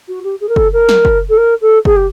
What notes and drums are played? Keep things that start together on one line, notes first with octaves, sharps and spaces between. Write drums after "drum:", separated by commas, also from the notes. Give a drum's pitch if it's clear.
F#4
G4
G#4
A#4
A4, drum: kick
A#4
drum: snare
drum: kick
A4
A#4
A4
G#4, drum: kick
G4